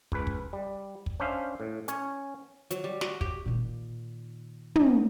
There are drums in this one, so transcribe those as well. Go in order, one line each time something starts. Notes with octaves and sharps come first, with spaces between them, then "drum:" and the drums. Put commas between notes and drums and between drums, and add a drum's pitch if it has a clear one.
C#2 B4, drum: kick
drum: kick
G3
drum: kick
C#4 D4 C5 E5 F5
A2
C#4 C#5, drum: hi-hat
F#3, drum: hi-hat
G3
F#4, drum: snare
G4, drum: kick
A#2 D#3
drum: tom